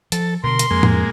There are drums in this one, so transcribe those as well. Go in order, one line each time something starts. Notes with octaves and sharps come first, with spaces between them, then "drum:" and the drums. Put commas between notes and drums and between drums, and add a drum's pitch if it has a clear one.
F3 A4, drum: hi-hat
B2 D3 A#4 C6
drum: hi-hat
F2 G#3 A#3
drum: tom A2